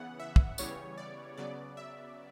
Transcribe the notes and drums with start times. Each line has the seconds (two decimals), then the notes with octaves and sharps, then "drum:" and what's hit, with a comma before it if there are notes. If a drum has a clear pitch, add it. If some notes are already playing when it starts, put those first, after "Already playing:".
Already playing: C#3 E3 B3 F#5
0.20 E5
0.36 drum: kick
0.58 C#3 E3 G3 B3 C#5, drum: tambourine
0.98 D5
1.38 C#3 F#3 B3 D5
1.77 E5